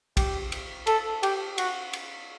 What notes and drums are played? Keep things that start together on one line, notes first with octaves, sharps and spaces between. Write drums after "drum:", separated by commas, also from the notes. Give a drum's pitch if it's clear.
G4, drum: kick, cymbal
drum: cymbal
A4, drum: cymbal
G4, drum: cymbal
F#4, drum: cymbal
drum: cymbal